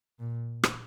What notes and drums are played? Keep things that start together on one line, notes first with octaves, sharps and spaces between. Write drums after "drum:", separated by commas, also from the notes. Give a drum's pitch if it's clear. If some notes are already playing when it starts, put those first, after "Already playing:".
A#2
drum: rim click